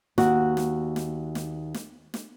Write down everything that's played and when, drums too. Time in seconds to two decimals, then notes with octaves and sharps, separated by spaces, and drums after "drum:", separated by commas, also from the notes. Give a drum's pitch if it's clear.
0.18 D#2 F#4, drum: snare
0.57 drum: snare
0.96 drum: snare
1.35 drum: snare
1.74 drum: snare
2.14 drum: snare